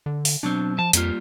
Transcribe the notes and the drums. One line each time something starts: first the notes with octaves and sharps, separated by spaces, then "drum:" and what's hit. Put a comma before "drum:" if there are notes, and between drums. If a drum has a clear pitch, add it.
D3
drum: open hi-hat
B2 F#3 C4 D4
F3 A5
F2 G3 A#3 F4, drum: hi-hat